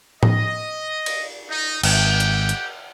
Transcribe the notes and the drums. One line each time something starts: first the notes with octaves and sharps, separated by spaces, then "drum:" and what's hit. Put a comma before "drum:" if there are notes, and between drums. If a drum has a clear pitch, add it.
D#5, drum: tom A2
drum: cymbal
D#4
G#1 G4 F#5 G5, drum: cymbal
drum: hi-hat
drum: hi-hat